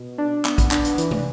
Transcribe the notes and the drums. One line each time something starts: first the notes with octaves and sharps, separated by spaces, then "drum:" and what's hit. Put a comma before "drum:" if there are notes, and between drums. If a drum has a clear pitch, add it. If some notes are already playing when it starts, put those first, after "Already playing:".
Already playing: B2
D4
B3, drum: clap
drum: kick, hi-hat
D4, drum: clap
drum: hi-hat
E3, drum: hi-hat
drum: tom